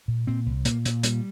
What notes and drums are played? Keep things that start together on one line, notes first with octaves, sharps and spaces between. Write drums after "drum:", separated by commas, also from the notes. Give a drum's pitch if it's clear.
A#2
A#2 C4
C2
A#2 A#3, drum: hi-hat
A#2, drum: hi-hat
A#2 G3, drum: hi-hat